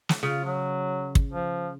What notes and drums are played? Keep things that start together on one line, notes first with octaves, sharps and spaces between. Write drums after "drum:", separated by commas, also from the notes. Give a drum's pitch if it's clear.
drum: snare
C#3 F4
F#3
drum: kick
F3